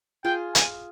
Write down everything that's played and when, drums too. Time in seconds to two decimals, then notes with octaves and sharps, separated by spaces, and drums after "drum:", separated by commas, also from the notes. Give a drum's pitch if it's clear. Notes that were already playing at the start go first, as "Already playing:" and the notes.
0.24 F4 G#4 G5
0.55 G#5, drum: hi-hat